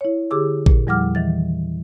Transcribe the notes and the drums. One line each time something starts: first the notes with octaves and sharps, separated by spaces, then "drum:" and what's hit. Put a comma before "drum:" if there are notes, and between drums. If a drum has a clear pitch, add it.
E4 C#5
D3 G4 G#4 D6 E6
A#2, drum: kick A1
E2 F3 G3 F#5 D6 F6
D#3 E3 A6